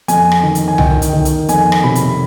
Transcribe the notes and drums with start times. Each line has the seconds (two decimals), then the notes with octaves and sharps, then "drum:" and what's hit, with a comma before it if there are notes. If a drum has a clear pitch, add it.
0.08 F2 G#5, drum: hi-hat
0.32 drum: rim click
0.43 D#3
0.55 drum: hi-hat
0.68 G#5
0.78 D#3 G5, drum: tom C2
1.02 drum: hi-hat
1.13 D#3
1.25 drum: hi-hat
1.49 F2 G#5, drum: hi-hat
1.72 drum: rim click
1.83 C3 B5
1.95 drum: hi-hat